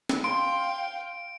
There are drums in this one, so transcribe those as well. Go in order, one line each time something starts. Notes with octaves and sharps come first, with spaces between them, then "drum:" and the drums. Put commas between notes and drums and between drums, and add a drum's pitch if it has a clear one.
drum: snare
F5 G5 C6 D7